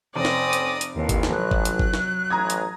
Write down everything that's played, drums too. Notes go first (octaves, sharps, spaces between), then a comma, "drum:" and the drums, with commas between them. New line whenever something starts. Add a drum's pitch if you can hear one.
F1 C4 C#4 D5 D#6 A#6
drum: snare
drum: hi-hat
drum: hi-hat
A1 D#2
drum: kick G1, hi-hat
drum: snare
F#3 F#6
drum: kick G1
drum: hi-hat
drum: kick G1
drum: snare
A1 A#5 D#6 G#6
drum: hi-hat